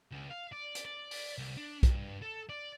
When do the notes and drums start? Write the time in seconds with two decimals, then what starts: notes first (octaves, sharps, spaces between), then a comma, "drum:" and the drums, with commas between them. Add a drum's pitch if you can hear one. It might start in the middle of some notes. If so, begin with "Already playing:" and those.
0.11 C#2
0.30 F5
0.52 D5
0.75 drum: hi-hat
0.85 D5
1.11 drum: open hi-hat
1.38 C2
1.57 D4
1.83 G2, drum: kick B1, hi-hat
2.22 A4
2.49 D5